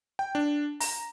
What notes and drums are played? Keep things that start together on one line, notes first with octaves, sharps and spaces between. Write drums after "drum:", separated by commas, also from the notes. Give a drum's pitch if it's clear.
G5
D4
A#5, drum: open hi-hat